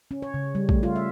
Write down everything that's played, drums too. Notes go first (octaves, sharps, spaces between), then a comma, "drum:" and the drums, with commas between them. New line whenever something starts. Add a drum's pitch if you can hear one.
C#4
C#5
C#3
G3
A3, drum: kick A#1
F4
E5